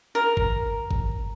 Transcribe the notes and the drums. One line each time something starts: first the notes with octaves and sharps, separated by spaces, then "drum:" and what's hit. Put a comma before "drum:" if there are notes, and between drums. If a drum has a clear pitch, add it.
A#4
drum: kick G1
drum: kick G1